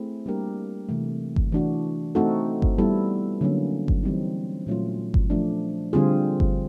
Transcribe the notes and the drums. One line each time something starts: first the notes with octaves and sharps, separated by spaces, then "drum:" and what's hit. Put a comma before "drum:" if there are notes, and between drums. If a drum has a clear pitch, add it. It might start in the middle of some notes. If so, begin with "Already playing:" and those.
Already playing: A3 C4 E4 G#4
G3 A#3 D4 G4 A#4
C3 E3 A3
drum: kick G1
E3 A3 D4 F#4
A3 C4 D#4 F#4 A4
drum: kick G1
G3 B3 E4 A4
D3 F#3 A#3 C#4
drum: kick G1
E3 G3 C4 D#4
A#2 F#3 A3 C#4 F4
drum: kick G1
F3 A3 D4
D3 G3 C4 F4 G#4
drum: kick G1